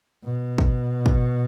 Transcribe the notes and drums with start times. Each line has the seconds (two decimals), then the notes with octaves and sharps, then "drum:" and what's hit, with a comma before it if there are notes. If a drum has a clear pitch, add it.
0.24 B2
0.58 drum: kick
1.06 drum: kick